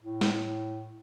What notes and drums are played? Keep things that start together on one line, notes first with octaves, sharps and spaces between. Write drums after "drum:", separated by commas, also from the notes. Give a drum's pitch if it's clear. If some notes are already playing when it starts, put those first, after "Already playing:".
A2
drum: snare